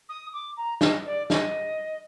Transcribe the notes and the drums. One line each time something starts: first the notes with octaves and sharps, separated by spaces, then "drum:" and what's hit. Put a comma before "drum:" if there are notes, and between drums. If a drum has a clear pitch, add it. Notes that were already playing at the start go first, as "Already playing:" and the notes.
D#6
D6
A#5
D#5, drum: snare
D5
D#5, drum: snare